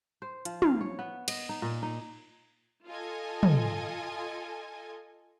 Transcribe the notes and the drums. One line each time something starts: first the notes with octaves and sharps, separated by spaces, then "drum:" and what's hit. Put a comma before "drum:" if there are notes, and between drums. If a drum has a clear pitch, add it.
C5
F3, drum: hi-hat
F5, drum: tom
C#5
B3
D#5, drum: cymbal
D#4
A#2
D#4
F4 A4 D#5 G#5
drum: tom